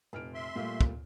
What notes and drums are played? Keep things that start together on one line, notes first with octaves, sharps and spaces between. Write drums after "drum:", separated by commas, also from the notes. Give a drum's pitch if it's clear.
F1 A#2 F6 D7
E5 C6
A#2 G3 A3 F4
drum: kick